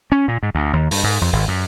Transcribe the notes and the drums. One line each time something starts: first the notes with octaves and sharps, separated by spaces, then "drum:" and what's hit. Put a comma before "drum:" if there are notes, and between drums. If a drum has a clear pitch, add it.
C#4
A#2
G#2
D2
D#2
G2, drum: open hi-hat
G#2
F2
G#1
F#2